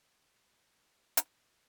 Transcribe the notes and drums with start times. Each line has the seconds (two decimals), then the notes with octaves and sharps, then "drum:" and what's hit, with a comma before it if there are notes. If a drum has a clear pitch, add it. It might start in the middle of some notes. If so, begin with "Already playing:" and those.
0.22 E4 F4 A4 A#4 C5 C#5
1.17 drum: hi-hat